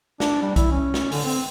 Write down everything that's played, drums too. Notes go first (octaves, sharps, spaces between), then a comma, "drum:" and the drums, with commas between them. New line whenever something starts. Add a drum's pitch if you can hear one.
D4, drum: snare
G3
E4, drum: kick C2, hi-hat
C#4
drum: snare
D3, drum: open hi-hat
C4